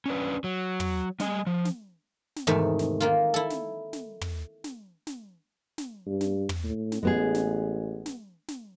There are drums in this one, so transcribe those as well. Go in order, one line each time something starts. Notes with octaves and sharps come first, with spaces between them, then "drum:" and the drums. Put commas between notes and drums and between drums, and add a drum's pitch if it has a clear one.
C#4 D4 B4
F#3
drum: tom
G3 D#5 G#5, drum: snare
F3
drum: snare
drum: snare
E2 G#2 C3 D#3 A3
drum: snare
D#3 A#3 F4
E4 A4
drum: snare
drum: snare
drum: tom
drum: snare
drum: snare
drum: snare
G2
drum: snare
drum: tom
A2
drum: snare
A1 G#3 B3 G#4
drum: snare
drum: snare
drum: snare